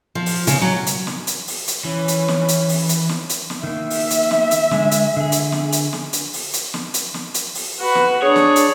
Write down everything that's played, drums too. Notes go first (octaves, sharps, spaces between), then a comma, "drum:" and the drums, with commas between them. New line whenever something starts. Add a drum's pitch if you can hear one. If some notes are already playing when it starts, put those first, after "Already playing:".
F3
drum: open hi-hat
C#3, drum: hi-hat
F#3
drum: hi-hat
drum: snare
drum: hi-hat
drum: open hi-hat
drum: hi-hat
E3 C#4
drum: hi-hat
drum: snare
drum: hi-hat
drum: open hi-hat
drum: hi-hat
drum: snare
drum: hi-hat
drum: snare
D#3 A#3 E5
drum: open hi-hat
drum: hi-hat
drum: snare
drum: hi-hat
D3 G#3, drum: snare
drum: hi-hat
D3 G#4
drum: hi-hat
drum: snare
drum: hi-hat
drum: snare
drum: hi-hat
drum: open hi-hat
drum: hi-hat
drum: snare
drum: hi-hat
drum: snare
drum: hi-hat
drum: open hi-hat
F#4 B4
drum: snare
D4 G#4 C#5
drum: snare
drum: hi-hat